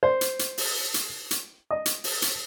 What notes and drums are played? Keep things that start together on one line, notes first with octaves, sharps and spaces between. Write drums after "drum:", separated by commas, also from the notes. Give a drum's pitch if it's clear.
C5
drum: hi-hat
drum: hi-hat
drum: open hi-hat
drum: hi-hat
drum: hi-hat
D#5
drum: hi-hat
drum: open hi-hat
drum: hi-hat